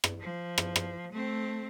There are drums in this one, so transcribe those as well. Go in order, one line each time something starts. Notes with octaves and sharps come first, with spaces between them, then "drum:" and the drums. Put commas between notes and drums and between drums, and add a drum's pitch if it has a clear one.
drum: rim click
F3
drum: rim click
drum: rim click
A3 C4